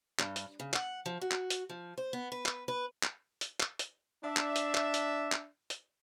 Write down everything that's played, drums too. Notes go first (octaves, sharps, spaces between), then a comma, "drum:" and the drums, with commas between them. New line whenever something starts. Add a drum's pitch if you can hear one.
G2, drum: clap
drum: hi-hat
C#3
F#5, drum: clap
F3
F#4
drum: clap
drum: hi-hat
F3
C5
B3
B4
drum: clap
B4
drum: clap
drum: hi-hat
drum: clap
drum: hi-hat
D4 E5
drum: clap
drum: hi-hat
drum: clap
drum: hi-hat
drum: clap
drum: hi-hat